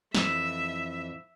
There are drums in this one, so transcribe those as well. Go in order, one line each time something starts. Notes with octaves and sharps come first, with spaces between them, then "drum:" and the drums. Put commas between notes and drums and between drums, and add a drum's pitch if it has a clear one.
F2 E3 E5, drum: snare